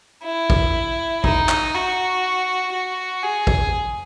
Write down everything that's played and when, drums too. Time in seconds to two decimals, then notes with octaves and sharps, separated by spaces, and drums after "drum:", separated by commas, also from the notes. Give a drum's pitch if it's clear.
0.25 E4
0.50 drum: kick G#1
1.24 D#4, drum: kick G#1
1.49 drum: clap
1.74 F#4
2.73 F#4
3.22 G#4
3.47 drum: kick G#1